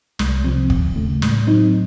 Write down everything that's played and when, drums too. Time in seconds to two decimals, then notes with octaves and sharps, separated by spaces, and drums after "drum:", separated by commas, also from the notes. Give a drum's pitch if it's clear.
0.19 C2, drum: snare
0.44 C3 F3 C4
0.70 D#2, drum: kick
0.96 C#3 A3
1.22 A2, drum: snare
1.47 F#3 C4 D#4